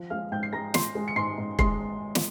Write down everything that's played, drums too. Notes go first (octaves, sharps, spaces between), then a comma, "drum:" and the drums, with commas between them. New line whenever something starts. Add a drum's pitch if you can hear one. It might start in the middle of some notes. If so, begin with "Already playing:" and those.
Already playing: F3
G#3 F5 F6
G#2 G5 G6
C7
G#3 A#5 A#6
G#3 C6 C7, drum: snare
G#3
C#7
G#2 C6 C7
G#2
G#3 C6 C7, drum: kick
drum: snare